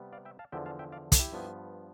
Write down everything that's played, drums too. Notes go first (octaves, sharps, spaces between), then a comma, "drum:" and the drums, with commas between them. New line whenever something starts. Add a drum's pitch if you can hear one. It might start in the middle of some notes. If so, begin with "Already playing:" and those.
Already playing: C3 G3 B3
D5 F5
E5 G5
F5 A5
E2 D3 F3 E5 G5
F5 A5
E5 G5
D5 F5
A4, drum: kick, hi-hat
E4 G4
G2 F3 B3